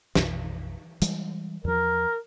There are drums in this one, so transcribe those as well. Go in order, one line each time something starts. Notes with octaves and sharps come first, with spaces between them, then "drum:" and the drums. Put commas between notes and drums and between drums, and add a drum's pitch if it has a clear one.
A#1 F2 B2, drum: snare
E3 G3 G#3, drum: hi-hat
E2 F3 A#4